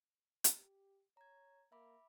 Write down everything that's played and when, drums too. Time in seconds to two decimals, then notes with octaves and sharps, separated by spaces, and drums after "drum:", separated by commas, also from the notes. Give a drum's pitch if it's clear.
0.44 drum: hi-hat
0.55 G4
1.17 C#5 A#5 G#6
1.72 A#3 E5 B5 D6